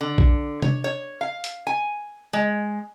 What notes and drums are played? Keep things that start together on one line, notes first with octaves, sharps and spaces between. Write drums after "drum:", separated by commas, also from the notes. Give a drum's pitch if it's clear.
D3
drum: kick A#1
C#5, drum: tom C3
C#5
F5
drum: hi-hat
G#5
G#3